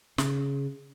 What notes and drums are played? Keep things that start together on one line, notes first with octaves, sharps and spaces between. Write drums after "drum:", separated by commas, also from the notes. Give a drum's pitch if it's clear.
C#3, drum: snare